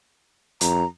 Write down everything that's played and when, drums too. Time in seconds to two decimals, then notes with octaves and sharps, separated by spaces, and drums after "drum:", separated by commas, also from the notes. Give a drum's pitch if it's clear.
0.61 F2 A#5, drum: hi-hat